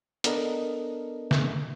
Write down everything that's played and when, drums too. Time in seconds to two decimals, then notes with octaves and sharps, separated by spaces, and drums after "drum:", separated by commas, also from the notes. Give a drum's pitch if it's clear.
0.24 B3 D4 A4 A#4 D#5, drum: hi-hat
1.31 drum: snare